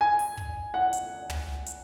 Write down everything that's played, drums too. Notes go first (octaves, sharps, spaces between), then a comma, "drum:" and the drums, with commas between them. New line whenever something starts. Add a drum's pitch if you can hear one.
G#5
drum: open hi-hat
drum: kick
F#5
drum: hi-hat
drum: tom
drum: hi-hat